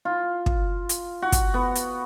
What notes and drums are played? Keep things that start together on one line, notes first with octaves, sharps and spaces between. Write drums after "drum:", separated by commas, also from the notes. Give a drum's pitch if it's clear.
F4
drum: kick
drum: hi-hat
F#4
drum: kick, hi-hat
B3
drum: hi-hat